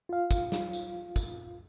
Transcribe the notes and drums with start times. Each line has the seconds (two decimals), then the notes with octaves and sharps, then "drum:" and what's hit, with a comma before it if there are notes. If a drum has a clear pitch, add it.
0.09 F4 F5
0.31 drum: kick, tambourine
0.52 drum: snare
0.73 drum: tambourine
1.16 drum: kick, tambourine